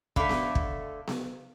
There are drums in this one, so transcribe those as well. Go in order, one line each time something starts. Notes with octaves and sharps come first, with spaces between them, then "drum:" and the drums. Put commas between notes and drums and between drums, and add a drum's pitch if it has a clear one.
D3 A3 F5 B5, drum: kick
drum: snare B3
drum: kick
drum: snare B3